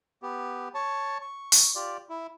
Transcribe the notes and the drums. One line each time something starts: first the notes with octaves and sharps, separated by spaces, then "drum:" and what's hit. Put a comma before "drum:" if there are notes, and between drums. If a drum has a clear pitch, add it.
B3 G4
C#5 A5
C#6
drum: open hi-hat
F4 G4 D5
E4